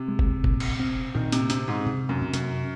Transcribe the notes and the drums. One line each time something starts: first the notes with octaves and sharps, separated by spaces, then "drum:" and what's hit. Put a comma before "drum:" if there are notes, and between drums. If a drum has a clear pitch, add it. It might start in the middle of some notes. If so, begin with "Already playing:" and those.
Already playing: C3 C4
G#3
drum: kick F1
A#2, drum: kick F1
drum: cymbal
C4
A#2 D#3
C3, drum: hi-hat
C3 C4, drum: hi-hat
G#2
C3
F#2
C3
F#2, drum: hi-hat